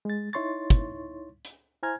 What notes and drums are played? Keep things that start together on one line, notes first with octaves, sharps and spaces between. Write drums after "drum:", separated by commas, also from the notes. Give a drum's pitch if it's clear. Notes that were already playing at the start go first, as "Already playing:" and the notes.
G#3 A6
D#4 E4 C#5 C6 C#6 A6
drum: kick, hi-hat
drum: hi-hat
E4 C5 G#5 A#5 F6 G#6